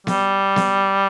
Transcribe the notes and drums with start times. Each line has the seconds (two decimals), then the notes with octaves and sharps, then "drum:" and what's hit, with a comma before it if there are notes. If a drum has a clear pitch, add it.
0.07 G3, drum: snare B3
0.56 drum: snare B3